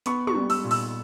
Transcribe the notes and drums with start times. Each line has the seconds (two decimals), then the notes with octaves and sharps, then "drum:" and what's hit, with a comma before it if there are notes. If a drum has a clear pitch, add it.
0.06 B3 C#6, drum: hi-hat
0.27 C#6, drum: tom
0.35 G3
0.50 E6, drum: open hi-hat
0.64 A#2
0.71 E6, drum: open hi-hat